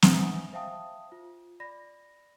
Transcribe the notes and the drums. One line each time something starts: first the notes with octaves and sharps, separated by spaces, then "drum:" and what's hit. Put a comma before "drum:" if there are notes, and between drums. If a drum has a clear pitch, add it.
B4 C5 E5 F#5 G#5 D#6, drum: snare
C5 E5 F5 G5 A5 D#6
F4
D5 B5 A#6